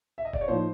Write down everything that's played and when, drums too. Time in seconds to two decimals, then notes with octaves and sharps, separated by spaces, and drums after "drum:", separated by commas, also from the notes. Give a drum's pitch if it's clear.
0.18 E5
0.25 D#5
0.33 D5, drum: kick F#1
0.41 C#5
0.48 A2 F3 A#3 D#4 C5